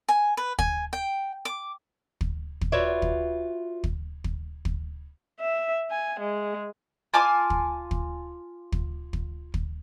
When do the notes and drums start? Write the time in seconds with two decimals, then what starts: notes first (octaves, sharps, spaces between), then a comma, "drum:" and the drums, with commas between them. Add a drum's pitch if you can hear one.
0.09 G#5
0.37 B4
0.59 G#5, drum: kick
0.93 G5
1.45 D6
2.21 drum: kick
2.61 drum: kick
2.72 F4 F#4 B4 C#5 D5 E5
3.02 drum: kick
3.84 drum: kick
4.24 drum: kick
4.65 drum: kick
5.40 E5
5.90 G#5
6.20 G#3
7.14 F4 G#5 A5 D6
7.50 drum: kick
7.91 drum: kick
8.72 drum: kick
9.13 drum: kick
9.54 drum: kick